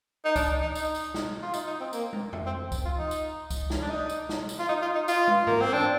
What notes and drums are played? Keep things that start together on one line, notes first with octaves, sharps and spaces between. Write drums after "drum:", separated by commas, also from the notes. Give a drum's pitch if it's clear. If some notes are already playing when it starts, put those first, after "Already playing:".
D#4
D4, drum: kick C#2, tambourine
D#4
D#4
D#4, drum: tambourine
drum: tambourine
drum: snare
F4
D#4, drum: tambourine
D#4
C4
A#3, drum: tambourine
drum: tom
A3, drum: tom F2
C4
drum: kick C#2, tambourine
F4
D#4
drum: tambourine
drum: kick C#2, tambourine
drum: snare
D4
D#4
drum: tambourine
drum: snare
drum: tambourine
F4
D#4
F4
D#4
F4, drum: tambourine
drum: tom
A#3, drum: tom G2
C4
D4